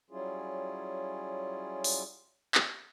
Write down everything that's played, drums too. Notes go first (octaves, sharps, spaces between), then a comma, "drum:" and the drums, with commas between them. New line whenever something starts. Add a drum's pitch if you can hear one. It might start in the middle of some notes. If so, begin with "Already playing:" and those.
F#3 G3 C#4 E4 F4 G#4
drum: open hi-hat
drum: clap